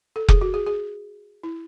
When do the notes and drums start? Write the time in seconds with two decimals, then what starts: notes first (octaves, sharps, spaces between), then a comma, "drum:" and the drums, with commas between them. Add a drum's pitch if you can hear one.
0.16 A4
0.28 G#4, drum: kick F1
0.41 F#4
0.54 G#4
0.67 G#4
1.43 E4